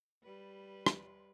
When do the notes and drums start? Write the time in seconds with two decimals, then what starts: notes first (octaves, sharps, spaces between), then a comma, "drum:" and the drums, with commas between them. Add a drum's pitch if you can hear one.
0.23 G3 B4
0.86 drum: rim click